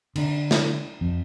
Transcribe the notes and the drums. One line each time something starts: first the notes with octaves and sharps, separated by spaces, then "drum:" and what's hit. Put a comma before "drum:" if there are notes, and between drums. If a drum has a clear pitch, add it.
D3 D4, drum: cymbal
drum: snare
F2